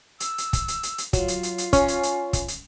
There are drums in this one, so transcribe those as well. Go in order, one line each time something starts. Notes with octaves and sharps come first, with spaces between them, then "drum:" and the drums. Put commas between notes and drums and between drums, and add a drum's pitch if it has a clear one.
E6, drum: hi-hat
drum: hi-hat
drum: kick, hi-hat
drum: hi-hat
drum: hi-hat
drum: hi-hat
F#3 F4, drum: kick, hi-hat
drum: hi-hat
drum: hi-hat
drum: hi-hat
C#4, drum: kick, hi-hat
drum: hi-hat
drum: hi-hat
drum: kick, hi-hat
drum: hi-hat